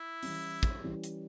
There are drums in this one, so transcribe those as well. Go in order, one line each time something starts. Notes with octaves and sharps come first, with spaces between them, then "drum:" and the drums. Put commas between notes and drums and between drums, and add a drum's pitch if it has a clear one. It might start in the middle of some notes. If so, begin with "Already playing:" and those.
Already playing: E4
E3 G3 C#4, drum: open hi-hat
drum: kick, hi-hat
E3 G3 C#4
drum: hi-hat